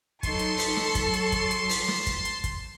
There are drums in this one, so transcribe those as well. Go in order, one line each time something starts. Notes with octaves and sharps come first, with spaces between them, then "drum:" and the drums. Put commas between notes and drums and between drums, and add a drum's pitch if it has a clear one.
F#3 D#4 A4 A5 C6 C#6, drum: kick, hi-hat
drum: hi-hat
drum: open hi-hat
drum: snare
F#3, drum: kick, hi-hat
drum: hi-hat
drum: kick, hi-hat
drum: hi-hat
drum: open hi-hat
drum: snare
drum: kick, hi-hat
drum: hi-hat
drum: kick, hi-hat